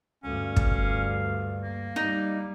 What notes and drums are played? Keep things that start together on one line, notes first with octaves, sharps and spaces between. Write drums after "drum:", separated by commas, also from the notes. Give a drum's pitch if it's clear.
D2 G2 C#4 F5
drum: kick
A#3
G3 D#4